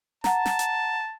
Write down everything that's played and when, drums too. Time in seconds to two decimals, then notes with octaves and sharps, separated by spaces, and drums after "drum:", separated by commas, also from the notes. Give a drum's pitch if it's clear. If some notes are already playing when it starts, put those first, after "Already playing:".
0.24 F#5 A5 A#5, drum: snare
0.45 drum: snare
0.59 drum: hi-hat